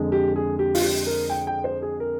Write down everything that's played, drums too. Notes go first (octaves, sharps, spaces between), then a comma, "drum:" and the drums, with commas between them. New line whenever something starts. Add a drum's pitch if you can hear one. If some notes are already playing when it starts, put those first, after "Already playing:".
Already playing: F2 D3 G#3
G4
G#4
G4
F4, drum: open hi-hat
G4
A#4
G5
G5
C5
G#4
A#4